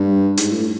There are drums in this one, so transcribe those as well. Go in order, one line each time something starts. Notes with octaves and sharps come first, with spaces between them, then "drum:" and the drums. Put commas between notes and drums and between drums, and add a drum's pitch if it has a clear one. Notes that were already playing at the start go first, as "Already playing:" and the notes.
Already playing: G2
G#2, drum: hi-hat
A2